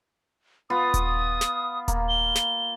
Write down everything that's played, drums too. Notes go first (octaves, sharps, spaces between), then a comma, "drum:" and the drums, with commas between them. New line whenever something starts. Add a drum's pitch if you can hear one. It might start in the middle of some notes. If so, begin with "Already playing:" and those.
B3 F4 D#6
drum: kick D#1, hi-hat
drum: snare
A#3, drum: kick D#1, hi-hat
G7
drum: snare